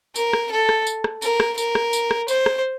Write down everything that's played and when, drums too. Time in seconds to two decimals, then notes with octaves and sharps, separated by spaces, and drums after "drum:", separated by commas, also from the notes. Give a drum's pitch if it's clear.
0.16 A#4, drum: tambourine
0.33 drum: rim click
0.51 A4
0.69 drum: rim click
0.87 drum: tambourine
1.04 drum: rim click
1.22 A#4, drum: tambourine
1.40 drum: rim click
1.58 A#4, drum: tambourine
1.75 drum: rim click
1.93 drum: tambourine
2.11 drum: rim click
2.28 C5, drum: tambourine
2.46 drum: rim click